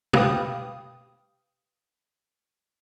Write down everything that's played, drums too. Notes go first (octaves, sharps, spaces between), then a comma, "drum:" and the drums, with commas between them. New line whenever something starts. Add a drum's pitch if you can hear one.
G4 B4 F5 G5 D#6, drum: tom